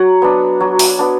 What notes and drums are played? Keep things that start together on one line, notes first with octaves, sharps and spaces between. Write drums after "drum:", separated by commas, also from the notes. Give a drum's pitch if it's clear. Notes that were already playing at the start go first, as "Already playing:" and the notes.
Already playing: F#3 F#5
B3 D4
F#3
drum: open hi-hat
B3 D4